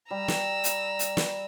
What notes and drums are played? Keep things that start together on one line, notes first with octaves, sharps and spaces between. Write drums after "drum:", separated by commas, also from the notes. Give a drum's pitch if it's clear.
G3 A#5 E6
drum: snare
drum: hi-hat
drum: hi-hat
drum: snare